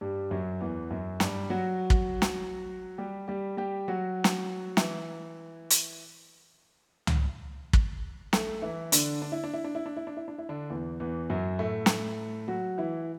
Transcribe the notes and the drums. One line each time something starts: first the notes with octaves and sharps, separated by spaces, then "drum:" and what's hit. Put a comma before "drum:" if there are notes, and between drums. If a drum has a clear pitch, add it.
G2 G3
F#2 F#3
E2 E3
F#2 F#3
G2 G3, drum: snare
F#3 F#4
drum: kick
drum: snare
G3 G4
G3 G4
G3 G4
F#3 F#4
drum: snare
E3 E4, drum: snare
drum: hi-hat
drum: tom
drum: kick
A3 A4, drum: snare
E3 E4
D3 D4, drum: hi-hat
D4
E4
D4
E4
D4
E4
D4
E4
D4
E4
D4
E4
D3 D4
E2 E3
E2 E3
F#2 F#3
A2 A3
drum: snare
F#3 F#4
E3 E4